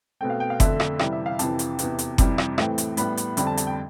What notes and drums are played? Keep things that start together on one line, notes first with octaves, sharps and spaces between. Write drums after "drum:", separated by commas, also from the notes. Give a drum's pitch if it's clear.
B2 A3 C4 G5
F5
G5
F5
F2 D3 A3 E5, drum: kick F#1, hi-hat
drum: rim click
C3 E3 G3, drum: rim click
E5
F5
F2 C3 E3 A5, drum: hi-hat
drum: hi-hat
E2 C3 E3, drum: hi-hat
drum: hi-hat
F2 C3 E3 G3, drum: kick F#1, hi-hat
drum: rim click
A2 E3 A3 C4, drum: rim click
drum: hi-hat
A2 G3 B3 B5, drum: hi-hat
drum: hi-hat
F2 D3 G3 C4 B5, drum: hi-hat
A5
A5, drum: hi-hat
G5